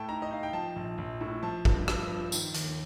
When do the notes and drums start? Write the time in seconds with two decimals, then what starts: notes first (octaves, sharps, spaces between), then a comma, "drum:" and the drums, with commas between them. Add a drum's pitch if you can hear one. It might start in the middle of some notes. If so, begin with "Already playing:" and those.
Already playing: A2 A3 G5 A5
0.08 D#4 A#5
0.22 D#5
0.31 D#4 F5
0.43 G5
0.53 F3 A5
0.76 A#1
0.98 A#1
1.21 A2
1.43 F3 A5
1.65 G2, drum: kick
1.88 G2, drum: rim click
2.10 F3
2.32 D#3, drum: tambourine
2.54 D#2, drum: hi-hat